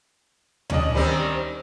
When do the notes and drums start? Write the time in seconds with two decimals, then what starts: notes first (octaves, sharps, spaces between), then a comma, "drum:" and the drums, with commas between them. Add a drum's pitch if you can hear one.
0.70 C#4 D4 D#5, drum: tom D2
0.94 D#3 G3 C4